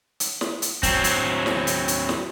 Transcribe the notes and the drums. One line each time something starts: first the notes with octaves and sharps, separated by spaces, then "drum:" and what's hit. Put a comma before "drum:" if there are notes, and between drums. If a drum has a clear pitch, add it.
drum: hi-hat
drum: snare
drum: hi-hat
F#3 C4, drum: kick, hi-hat
drum: hi-hat
drum: snare
drum: hi-hat
drum: hi-hat
drum: snare